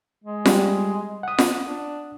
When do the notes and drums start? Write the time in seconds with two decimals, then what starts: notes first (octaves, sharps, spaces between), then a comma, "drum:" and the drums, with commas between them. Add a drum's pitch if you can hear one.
0.24 G#3
0.46 G3, drum: snare F4
1.23 F#5 D#6
1.38 drum: snare F4
1.64 D4